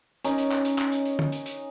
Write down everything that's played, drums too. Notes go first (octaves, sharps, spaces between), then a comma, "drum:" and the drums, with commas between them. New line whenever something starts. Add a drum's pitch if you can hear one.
C#4 D#4 A#4, drum: hi-hat
drum: hi-hat
drum: clap
drum: hi-hat
drum: clap
drum: hi-hat
drum: hi-hat
drum: tom
drum: hi-hat
drum: hi-hat